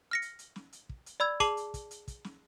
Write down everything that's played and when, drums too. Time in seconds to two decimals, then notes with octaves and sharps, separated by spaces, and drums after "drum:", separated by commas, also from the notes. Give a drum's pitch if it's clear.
0.11 F6 A#6 C#7
0.22 drum: hi-hat
0.39 drum: hi-hat
0.56 drum: snare
0.73 drum: hi-hat
0.89 drum: kick
1.06 drum: hi-hat
1.20 D5 B5 E6 G#6
1.40 G#4 A5 D6 C7 F#7, drum: kick, hi-hat
1.57 drum: hi-hat
1.74 drum: kick, hi-hat
1.91 drum: hi-hat
2.08 drum: kick, hi-hat
2.24 drum: snare